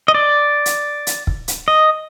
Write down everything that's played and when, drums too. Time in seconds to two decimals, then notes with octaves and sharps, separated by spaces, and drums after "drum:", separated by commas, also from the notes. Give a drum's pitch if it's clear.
0.08 D#5
0.14 D5
0.66 drum: hi-hat
1.07 drum: hi-hat
1.27 drum: kick
1.48 drum: hi-hat
1.68 D#5